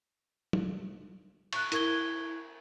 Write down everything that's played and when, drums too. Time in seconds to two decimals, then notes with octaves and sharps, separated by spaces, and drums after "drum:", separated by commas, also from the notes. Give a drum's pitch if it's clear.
0.53 drum: tom
1.53 C#6 F#6, drum: cymbal
1.72 E4 A#4 C#6 G#6 G7, drum: hi-hat